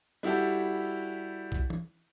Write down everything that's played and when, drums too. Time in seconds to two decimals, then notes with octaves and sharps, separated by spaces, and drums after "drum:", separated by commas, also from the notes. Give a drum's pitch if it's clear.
0.23 G3 E4 F#4 G4 A4
1.52 drum: kick B1
1.70 drum: tom